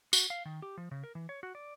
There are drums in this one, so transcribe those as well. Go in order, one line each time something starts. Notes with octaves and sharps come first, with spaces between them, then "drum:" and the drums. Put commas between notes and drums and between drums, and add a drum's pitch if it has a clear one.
F#4, drum: tambourine
F5
D#3
G4
F3
C#3
A#4
E3
C#5
F#4
D5